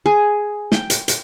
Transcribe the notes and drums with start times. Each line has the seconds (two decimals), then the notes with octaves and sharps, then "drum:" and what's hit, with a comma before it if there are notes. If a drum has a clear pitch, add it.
0.06 G#4
0.72 G5, drum: snare
0.90 drum: hi-hat
1.08 drum: hi-hat